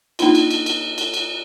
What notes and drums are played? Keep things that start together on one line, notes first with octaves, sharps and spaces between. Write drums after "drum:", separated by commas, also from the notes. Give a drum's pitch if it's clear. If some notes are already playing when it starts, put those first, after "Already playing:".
A#3 D4 D#4 F4, drum: cymbal
drum: cymbal
drum: cymbal
drum: cymbal
drum: cymbal
drum: cymbal